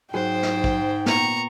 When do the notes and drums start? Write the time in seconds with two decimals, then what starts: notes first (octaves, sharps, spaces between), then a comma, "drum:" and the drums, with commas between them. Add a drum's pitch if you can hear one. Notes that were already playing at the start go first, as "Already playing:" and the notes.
0.14 G#2 F#3 G#4 C5 G5
0.43 drum: snare
0.64 drum: kick
1.06 A#2 B3 A#5 C#6, drum: snare